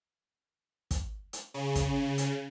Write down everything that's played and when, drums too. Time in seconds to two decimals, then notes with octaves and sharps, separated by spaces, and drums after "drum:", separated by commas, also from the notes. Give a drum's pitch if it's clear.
0.91 drum: kick, hi-hat
1.33 drum: hi-hat
1.54 C#3
1.75 drum: kick, hi-hat
2.18 drum: hi-hat